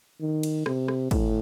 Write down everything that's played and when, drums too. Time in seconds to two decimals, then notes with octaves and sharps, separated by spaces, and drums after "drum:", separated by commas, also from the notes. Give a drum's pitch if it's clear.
0.21 D#3
0.43 drum: cymbal
0.66 C3, drum: rim click
0.88 drum: rim click
1.11 A2, drum: kick, cymbal